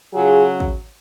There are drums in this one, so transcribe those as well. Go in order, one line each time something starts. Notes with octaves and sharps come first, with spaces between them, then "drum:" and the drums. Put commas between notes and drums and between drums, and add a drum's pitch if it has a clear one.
C#3 F#3 F4 G#4
drum: kick